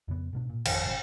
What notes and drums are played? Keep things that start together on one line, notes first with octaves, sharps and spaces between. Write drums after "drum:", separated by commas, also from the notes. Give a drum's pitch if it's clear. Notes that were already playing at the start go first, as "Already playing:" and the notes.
F2 C#3 B3
G#2 B2 D4
A#2
G#1 F2 D#3, drum: cymbal
D1 G#1 C#3 F#3